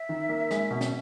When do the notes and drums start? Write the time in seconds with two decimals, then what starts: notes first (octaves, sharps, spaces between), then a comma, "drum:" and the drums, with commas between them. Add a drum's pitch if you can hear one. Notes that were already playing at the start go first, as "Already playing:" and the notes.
Already playing: E5
0.09 D#3
0.29 A#3
0.51 G#3, drum: snare
0.71 B2
0.81 drum: snare